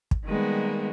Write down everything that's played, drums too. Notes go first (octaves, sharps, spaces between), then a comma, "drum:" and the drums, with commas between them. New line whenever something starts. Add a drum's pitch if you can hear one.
drum: kick
D#3 G3 G#3 A#3 B3